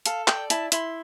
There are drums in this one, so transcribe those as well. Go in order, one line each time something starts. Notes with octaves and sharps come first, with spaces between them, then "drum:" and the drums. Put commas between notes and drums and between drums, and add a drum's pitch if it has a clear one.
A4 F5, drum: hi-hat
D5 G5, drum: clap
E4 A5, drum: hi-hat
E4 C6, drum: hi-hat